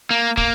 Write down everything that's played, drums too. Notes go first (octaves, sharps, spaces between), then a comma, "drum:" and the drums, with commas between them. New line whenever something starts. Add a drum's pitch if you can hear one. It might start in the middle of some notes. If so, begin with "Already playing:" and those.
A#3
A#3, drum: kick